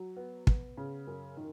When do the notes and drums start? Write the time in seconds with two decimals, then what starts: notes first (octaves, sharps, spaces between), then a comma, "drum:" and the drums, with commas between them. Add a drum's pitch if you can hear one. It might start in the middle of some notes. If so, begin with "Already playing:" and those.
Already playing: F#3
0.17 B3
0.47 B3, drum: kick
0.77 C#3
1.07 F#2
1.37 D#3